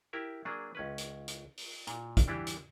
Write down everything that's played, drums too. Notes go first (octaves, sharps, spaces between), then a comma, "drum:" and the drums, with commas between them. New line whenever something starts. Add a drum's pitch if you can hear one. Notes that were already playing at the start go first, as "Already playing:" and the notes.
E4 G4 A#4 E5
F#3 A#3 D4 G#4
C#2 C#4 B4
drum: hi-hat
drum: hi-hat
drum: open hi-hat
A#2, drum: hi-hat
drum: kick, hi-hat
E3 G3 D4 E4 F#4 G4
drum: hi-hat